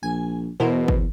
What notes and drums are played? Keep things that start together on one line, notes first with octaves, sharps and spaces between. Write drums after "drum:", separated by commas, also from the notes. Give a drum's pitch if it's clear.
A#1 G#5
E2 B2 E4 A#4 C5
drum: kick